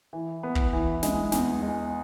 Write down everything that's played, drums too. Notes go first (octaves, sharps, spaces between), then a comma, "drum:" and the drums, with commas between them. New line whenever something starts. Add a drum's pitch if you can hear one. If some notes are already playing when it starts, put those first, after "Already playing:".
E3
B3
drum: kick
E3
G#3, drum: snare
E2, drum: snare
G#3